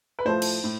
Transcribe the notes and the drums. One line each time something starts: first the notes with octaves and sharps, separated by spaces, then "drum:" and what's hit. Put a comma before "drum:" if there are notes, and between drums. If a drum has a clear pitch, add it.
B4
A2 F3 A3 C5
drum: cymbal
A2